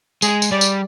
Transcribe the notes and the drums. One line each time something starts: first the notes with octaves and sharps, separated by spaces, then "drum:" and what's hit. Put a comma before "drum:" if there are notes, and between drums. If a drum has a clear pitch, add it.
G#3 G#4, drum: tambourine
drum: tambourine
G3 D5
drum: tambourine